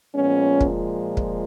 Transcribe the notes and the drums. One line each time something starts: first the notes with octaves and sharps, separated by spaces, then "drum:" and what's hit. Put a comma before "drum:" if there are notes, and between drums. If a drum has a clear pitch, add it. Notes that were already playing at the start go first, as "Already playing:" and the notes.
A#2 F3 G#3 B3 C#4
drum: kick
drum: kick